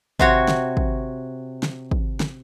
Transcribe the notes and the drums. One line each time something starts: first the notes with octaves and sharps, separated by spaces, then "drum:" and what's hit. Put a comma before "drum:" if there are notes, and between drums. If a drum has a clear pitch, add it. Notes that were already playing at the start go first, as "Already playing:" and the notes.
C3 F#4 C#5, drum: kick
drum: snare
drum: kick
drum: snare
drum: kick
drum: snare